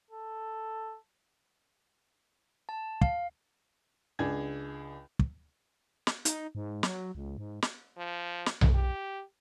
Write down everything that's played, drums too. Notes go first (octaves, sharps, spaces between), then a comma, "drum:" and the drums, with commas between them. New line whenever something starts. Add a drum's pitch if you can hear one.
A4
A5
F5, drum: kick
C#2 D4 G#4 G#6
drum: kick
drum: snare
D#4, drum: hi-hat
G#2
F#3, drum: snare
C#2
G#2
drum: snare
F3
drum: snare
drum: tom B1
G4